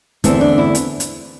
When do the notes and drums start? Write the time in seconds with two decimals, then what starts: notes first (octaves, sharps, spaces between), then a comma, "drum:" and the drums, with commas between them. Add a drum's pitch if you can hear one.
0.24 E2 D3 A3 C4 E4, drum: kick, hi-hat
0.41 D4
0.58 E4
0.75 drum: hi-hat
1.00 drum: hi-hat